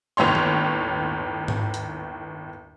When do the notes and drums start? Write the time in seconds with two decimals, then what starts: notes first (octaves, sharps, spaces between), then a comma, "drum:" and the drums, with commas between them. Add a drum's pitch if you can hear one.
0.17 G1 D#2 A2 C#5 C6
0.35 drum: tom D#3
1.48 drum: tom G#2
1.74 drum: hi-hat